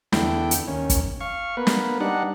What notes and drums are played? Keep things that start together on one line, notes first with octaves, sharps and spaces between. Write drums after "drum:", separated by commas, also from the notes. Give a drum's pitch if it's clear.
E2 D3 E4 G5, drum: snare
drum: hi-hat
D#2 C#4
drum: kick, hi-hat
F5 C#6
A#3 B3 B4
drum: snare
G3 D4 D#4 F#5